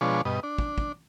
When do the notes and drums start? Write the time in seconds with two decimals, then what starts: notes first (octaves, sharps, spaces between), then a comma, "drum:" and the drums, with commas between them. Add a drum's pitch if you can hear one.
0.01 B2 F3 G#3 D4 C#5
0.25 G2 B2 D#5
0.43 D4
0.58 drum: kick
0.78 drum: kick